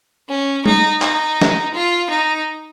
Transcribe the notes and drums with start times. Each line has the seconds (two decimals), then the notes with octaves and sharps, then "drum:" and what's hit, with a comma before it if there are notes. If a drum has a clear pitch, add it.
0.29 C#4
0.66 D#4, drum: tom
1.02 D#4, drum: clap
1.41 drum: snare
1.74 F4
2.10 D#4